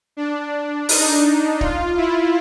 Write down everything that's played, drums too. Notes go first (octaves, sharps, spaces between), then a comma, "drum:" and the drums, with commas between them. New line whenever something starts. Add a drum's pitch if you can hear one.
D4
D#4, drum: open hi-hat
F4, drum: kick D1
E4